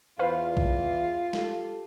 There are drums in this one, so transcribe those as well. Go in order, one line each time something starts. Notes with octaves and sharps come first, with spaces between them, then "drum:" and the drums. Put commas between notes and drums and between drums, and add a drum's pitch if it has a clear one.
E2 F4 B4 C5 F5
drum: kick A#1
G4 A4, drum: snare